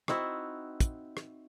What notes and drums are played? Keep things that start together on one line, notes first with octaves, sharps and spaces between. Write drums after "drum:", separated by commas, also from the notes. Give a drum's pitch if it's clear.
C4 D#4 E4 F#4, drum: rim click
drum: kick, hi-hat
drum: rim click